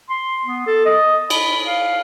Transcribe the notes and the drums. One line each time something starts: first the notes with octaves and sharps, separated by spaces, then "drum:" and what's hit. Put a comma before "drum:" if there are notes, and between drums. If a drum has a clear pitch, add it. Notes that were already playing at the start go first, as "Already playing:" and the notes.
C6
B3
A4
D#5
B5, drum: cymbal
F5